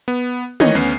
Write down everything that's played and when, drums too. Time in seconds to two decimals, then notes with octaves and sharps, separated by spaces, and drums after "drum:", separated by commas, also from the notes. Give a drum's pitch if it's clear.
0.08 B3
0.60 D#3 E3 C#5 D#5, drum: tom
0.75 D2 B3 C#4 C7